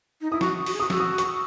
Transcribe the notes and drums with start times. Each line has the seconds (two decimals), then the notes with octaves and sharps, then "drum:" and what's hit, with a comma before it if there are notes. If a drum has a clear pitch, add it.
0.21 D#4
0.31 E4 D#6
0.41 F#4 C#6, drum: snare
0.66 F#4, drum: open hi-hat
0.74 G#4
0.80 F#4 D#6
0.90 F#4 E6, drum: snare
1.00 D#6
1.18 C#6, drum: hi-hat